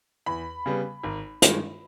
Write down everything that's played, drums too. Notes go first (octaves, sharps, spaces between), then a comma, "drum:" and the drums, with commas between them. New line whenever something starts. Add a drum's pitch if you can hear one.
E2 B5
C#3 G3 B3
G#1
G2 D#3 G#3, drum: hi-hat